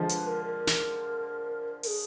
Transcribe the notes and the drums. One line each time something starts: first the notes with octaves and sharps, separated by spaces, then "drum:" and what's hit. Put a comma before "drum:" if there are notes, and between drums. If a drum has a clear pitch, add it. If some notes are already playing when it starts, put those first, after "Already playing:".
Already playing: D3 F3 G#3
B4, drum: hi-hat
A#4
A#4
drum: snare
A#4, drum: open hi-hat
G#4